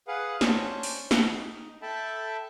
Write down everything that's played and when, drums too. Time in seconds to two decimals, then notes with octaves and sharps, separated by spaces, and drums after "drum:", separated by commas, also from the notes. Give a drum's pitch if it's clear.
0.08 G#4 B4 F5 F#5
0.41 C#4 D4 C5 C#6, drum: snare
0.83 drum: open hi-hat
1.11 D#4, drum: snare
1.82 A4 E5 G5 A5 B5